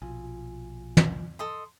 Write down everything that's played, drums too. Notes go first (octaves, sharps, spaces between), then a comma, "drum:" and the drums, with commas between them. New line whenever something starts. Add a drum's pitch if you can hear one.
A#1 B2 F4 G#5
drum: tom
A4 D#5 C6